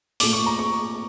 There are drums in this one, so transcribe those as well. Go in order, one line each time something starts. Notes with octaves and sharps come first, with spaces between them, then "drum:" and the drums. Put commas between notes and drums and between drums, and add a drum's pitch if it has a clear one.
A#2 A3 D6, drum: open hi-hat
C#6
A#5
C#6